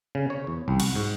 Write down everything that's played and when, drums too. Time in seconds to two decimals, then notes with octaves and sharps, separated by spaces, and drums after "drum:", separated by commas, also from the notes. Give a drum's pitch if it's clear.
0.15 C#3
0.30 C#5
0.47 E2
0.68 C2
0.80 F#4, drum: cymbal
0.95 G#2